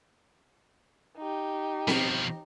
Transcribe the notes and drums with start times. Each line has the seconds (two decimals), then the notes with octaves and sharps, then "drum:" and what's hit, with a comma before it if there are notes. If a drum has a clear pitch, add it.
1.18 D#4 G4
1.88 B2 F3, drum: snare C4